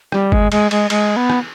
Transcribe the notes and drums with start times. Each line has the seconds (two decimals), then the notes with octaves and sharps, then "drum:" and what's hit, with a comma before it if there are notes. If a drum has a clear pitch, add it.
0.12 G3, drum: rim click
0.32 G#3, drum: kick G1
0.52 G#3, drum: cymbal
0.71 G#3, drum: cymbal
0.90 G#3, drum: cymbal
1.16 B3
1.30 drum: rim click